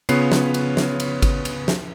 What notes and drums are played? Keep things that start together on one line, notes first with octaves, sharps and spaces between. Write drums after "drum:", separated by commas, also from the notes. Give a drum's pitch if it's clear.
C#3 B3 F4 B4 C#5 C7, drum: cymbal
drum: snare
drum: cymbal
drum: snare
drum: cymbal
drum: kick G#1, cymbal
drum: cymbal
drum: snare